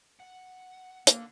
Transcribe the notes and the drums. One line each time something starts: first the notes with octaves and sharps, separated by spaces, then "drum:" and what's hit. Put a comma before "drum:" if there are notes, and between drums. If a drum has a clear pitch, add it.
F#5
D3 A#3, drum: hi-hat